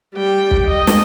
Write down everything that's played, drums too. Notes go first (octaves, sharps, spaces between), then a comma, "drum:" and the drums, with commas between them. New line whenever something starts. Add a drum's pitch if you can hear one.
G3 G5
drum: kick
D#5
drum: snare